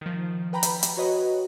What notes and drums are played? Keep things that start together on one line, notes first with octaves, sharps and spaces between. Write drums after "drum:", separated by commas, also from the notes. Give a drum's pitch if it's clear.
D#3 F3
B4 G5 A#5 B5
drum: hi-hat
drum: hi-hat
F#4 B4 C#5 D#5